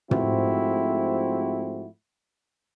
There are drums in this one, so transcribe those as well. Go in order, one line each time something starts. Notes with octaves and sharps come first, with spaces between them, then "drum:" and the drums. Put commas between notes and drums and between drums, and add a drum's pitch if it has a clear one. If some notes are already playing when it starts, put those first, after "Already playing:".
G#2 F3 A3 C4 E4 F#4, drum: tom